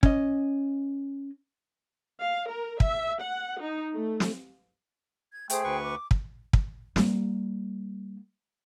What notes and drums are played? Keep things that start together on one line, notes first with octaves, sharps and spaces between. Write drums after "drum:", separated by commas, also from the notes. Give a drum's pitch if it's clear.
C#4 D#5, drum: kick
F5
A#4
E5, drum: kick
F#5
D#4
A3
drum: snare
G#6
A3 G#4 C5 G5, drum: hi-hat
D2 B4 C#6
D6
drum: kick
drum: kick
G3 A#3, drum: snare